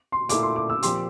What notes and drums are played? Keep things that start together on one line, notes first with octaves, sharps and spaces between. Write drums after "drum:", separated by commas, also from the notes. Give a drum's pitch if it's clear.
C6
A#2 A3 E4 D6, drum: hi-hat
C6
D6
E6
A#2 F3 C4 G4 C6, drum: hi-hat